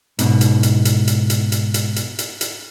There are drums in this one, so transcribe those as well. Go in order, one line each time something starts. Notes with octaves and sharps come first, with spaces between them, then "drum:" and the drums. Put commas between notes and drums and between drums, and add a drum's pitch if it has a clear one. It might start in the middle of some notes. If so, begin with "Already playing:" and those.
G#2 B2, drum: hi-hat
drum: hi-hat
drum: hi-hat
drum: hi-hat
drum: hi-hat
drum: hi-hat
drum: hi-hat
drum: hi-hat
drum: hi-hat
drum: hi-hat
drum: hi-hat